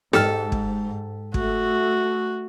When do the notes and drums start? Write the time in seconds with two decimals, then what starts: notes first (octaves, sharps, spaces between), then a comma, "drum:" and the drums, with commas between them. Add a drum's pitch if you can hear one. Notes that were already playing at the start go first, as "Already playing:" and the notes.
0.13 G#2 G4 A4 F6, drum: snare
0.52 drum: kick
1.34 A3 F#4, drum: kick